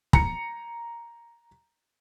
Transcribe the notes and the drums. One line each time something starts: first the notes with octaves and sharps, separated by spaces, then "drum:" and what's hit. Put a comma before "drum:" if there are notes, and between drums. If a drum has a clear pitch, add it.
A#5 C#7, drum: kick